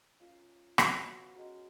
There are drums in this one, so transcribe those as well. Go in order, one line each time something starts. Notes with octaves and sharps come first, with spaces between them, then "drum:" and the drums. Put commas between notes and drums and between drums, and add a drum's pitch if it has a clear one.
C#4 F4 A#4 F5
B3 F#4 C#5 F5, drum: rim click
G#3 C#4 F#4 A#4